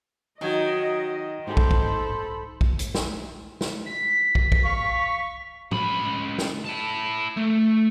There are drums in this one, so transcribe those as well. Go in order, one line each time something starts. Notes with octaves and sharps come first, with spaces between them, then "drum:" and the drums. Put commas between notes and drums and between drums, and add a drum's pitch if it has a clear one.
D#3 F#3 D#4 D#5 G#6
G#2 A4 C5 B5
drum: kick
drum: kick
drum: kick
drum: hi-hat
drum: snare
drum: snare
B6
drum: kick
drum: kick
F5 C#6
C#2 B5, drum: tom A2
drum: snare
E4 A5
A3